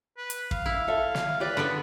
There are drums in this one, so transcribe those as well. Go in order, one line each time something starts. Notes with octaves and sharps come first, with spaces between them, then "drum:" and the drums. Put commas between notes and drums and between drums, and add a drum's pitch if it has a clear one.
B4
drum: hi-hat
F5, drum: kick
E4
A4 E5
drum: snare
G4 B4 D5
D3 B3 B5